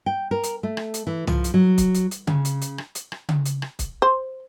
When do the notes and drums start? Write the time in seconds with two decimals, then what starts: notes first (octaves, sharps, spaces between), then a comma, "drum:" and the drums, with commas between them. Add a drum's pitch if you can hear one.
0.06 G5
0.31 A#4
0.43 drum: hi-hat
0.63 A3
0.77 drum: rim click
0.94 drum: hi-hat
1.07 E3
1.27 F3, drum: tom
1.44 drum: hi-hat
1.54 F#3
1.78 drum: kick, hi-hat
1.94 drum: hi-hat
2.11 drum: hi-hat
2.27 C#3, drum: tom C#3
2.45 drum: hi-hat
2.61 drum: hi-hat
2.78 drum: rim click
2.95 drum: hi-hat
3.12 drum: rim click
3.29 drum: tom C#3
3.45 drum: hi-hat
3.62 drum: rim click
3.79 drum: kick, hi-hat
4.02 C5